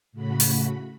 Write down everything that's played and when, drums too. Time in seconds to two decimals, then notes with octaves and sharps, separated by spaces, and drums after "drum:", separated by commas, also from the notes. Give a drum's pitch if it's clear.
0.12 A2 C#3 A3 F#4 B5
0.40 drum: open hi-hat